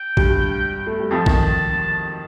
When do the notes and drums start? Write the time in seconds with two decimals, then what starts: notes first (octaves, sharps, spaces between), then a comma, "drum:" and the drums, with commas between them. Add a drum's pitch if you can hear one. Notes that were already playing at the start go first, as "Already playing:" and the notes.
Already playing: G5
0.17 G2 G3, drum: kick A1
0.87 A3
0.99 G3
1.11 F2 F3 A5
1.26 D#3, drum: kick A1